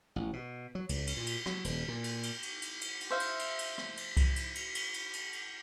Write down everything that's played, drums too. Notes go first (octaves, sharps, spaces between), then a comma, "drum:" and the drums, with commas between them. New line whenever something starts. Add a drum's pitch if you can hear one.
A1
B2
F#3
C#2, drum: cymbal
drum: cymbal
A#2
drum: cymbal
F#3, drum: rim click
D#1, drum: cymbal
A#2
drum: cymbal
drum: cymbal
drum: cymbal
drum: cymbal
drum: cymbal
drum: cymbal
C5 E5 F5
drum: cymbal
drum: cymbal
drum: cymbal
drum: rim click
drum: cymbal
drum: kick C2, cymbal
drum: cymbal
drum: cymbal
drum: cymbal
drum: cymbal
drum: cymbal
drum: cymbal